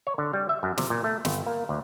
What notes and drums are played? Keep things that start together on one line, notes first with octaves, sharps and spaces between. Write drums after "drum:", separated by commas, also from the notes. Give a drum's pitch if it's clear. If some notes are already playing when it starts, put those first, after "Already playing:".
C#5
D3
G3
E5
F#2
C3, drum: snare
A#2
A3
G1, drum: snare
A#3
D2